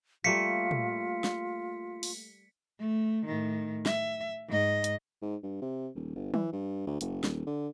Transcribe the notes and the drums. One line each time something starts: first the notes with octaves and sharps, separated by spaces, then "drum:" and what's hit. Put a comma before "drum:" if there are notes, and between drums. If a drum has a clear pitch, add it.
G3 A3 A#3 F4 B6 C#7
drum: tom
drum: snare
drum: open hi-hat
A3
A2 D#3
E5, drum: snare
G#2 D#5
drum: hi-hat
G#2
G2
C3
D#1
G1
E3, drum: tom
G2
D2
F#1, drum: hi-hat
D#1, drum: snare
D3